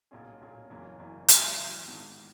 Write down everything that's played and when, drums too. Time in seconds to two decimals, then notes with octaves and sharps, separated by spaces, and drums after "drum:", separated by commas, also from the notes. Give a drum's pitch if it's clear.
0.11 B1 A#2 A#3 C#4 G#4
0.41 B1 A#2 A#3 C#4 G#4
0.70 F#1 F#2 E3 A#3 C#4
0.99 F#1 F#2 E3 A#3 C#4
1.28 G#1 F#2 E3, drum: hi-hat
1.58 G#1 F#2 E3
1.88 A#1 G#2 D#3